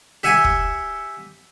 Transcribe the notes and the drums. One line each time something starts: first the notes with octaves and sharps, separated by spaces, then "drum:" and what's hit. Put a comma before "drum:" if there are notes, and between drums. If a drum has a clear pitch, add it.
G4 E5 F#5 G#5
drum: kick